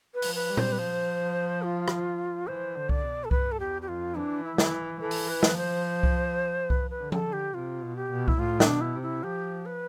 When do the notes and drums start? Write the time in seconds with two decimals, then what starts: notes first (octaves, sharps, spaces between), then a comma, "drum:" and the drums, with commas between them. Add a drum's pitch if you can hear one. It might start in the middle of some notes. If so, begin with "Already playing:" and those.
0.14 B4
0.22 F3, drum: open hi-hat
0.35 B4
0.50 G3
0.57 C5, drum: tom A#2
0.72 B4
0.78 F3 C5
1.63 F4
1.88 drum: rim click
2.47 E3 C5
2.75 D3
2.89 D5, drum: kick C2
3.04 B2
3.24 A4
3.31 G2 B4, drum: kick C2
3.52 A4
3.60 E2 G4
3.82 G4
3.88 F2 F4
4.16 E3 D4
4.44 E4
4.58 E3, drum: snare
5.01 E3 A4
5.11 drum: open hi-hat
5.29 B4
5.43 F3, drum: snare
5.57 C5
6.03 drum: kick C2
6.70 B4, drum: kick C2
6.90 B4
6.98 D3
7.12 A4, drum: tom F3
7.26 D3
7.33 G4
7.54 C3 F4
7.82 B2
7.96 G4
8.11 B2
8.28 E4, drum: kick C2
8.38 A2 F4
8.60 D4, drum: snare
8.67 B2
8.81 E4
8.95 C3
9.02 E4
9.23 F3 G4
9.66 B4